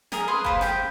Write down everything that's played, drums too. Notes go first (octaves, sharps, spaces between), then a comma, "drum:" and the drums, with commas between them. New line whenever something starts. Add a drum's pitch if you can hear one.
G#4 A#4 D#5 G#5, drum: snare
G#4 B4 C6
A#3 B4 C5, drum: kick F#1
G4 G5, drum: snare